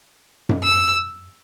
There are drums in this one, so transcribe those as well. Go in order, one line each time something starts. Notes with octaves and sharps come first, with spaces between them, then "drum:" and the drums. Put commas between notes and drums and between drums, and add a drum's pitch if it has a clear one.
drum: tom F#2
E6